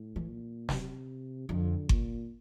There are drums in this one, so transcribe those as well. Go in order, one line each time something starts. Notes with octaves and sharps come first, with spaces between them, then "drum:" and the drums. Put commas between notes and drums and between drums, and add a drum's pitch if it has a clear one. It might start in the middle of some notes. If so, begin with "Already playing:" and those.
Already playing: A2
E3
A#2
C3, drum: snare
F2 D3
A#2, drum: kick G1